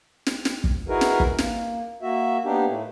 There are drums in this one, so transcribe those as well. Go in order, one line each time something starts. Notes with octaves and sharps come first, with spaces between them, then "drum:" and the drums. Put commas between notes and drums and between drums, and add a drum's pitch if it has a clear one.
drum: snare
drum: snare
drum: kick
D#4 E4 F#4 G#4 A#4 B4
drum: snare
drum: kick
A#3, drum: snare
A#3 F#4 E5
A#3 B3 D4 D#4 G4
A2 A3